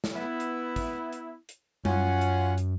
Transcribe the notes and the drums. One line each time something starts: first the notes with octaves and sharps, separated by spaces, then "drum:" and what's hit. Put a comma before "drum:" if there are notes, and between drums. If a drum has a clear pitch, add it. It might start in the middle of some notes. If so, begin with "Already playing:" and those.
drum: snare
B3 E4
drum: hi-hat
drum: kick, hi-hat
drum: hi-hat
drum: hi-hat
F#2 C#4 F4 F#5, drum: tom G3
drum: hi-hat
drum: hi-hat